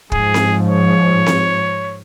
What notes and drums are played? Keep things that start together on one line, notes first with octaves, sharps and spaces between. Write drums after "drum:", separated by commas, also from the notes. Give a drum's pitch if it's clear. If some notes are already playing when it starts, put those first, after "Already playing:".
G#2 F3 G#4, drum: kick
drum: snare C4
C#5
drum: snare C4